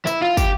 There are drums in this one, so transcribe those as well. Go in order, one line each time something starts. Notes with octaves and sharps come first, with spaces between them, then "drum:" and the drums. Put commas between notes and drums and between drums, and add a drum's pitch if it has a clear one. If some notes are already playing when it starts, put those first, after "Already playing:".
E4, drum: tambourine
F4
G4, drum: kick, tambourine